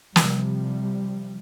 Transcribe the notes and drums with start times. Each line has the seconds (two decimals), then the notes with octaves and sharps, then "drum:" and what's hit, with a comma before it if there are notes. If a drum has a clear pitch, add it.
0.16 C3 F3 G3, drum: snare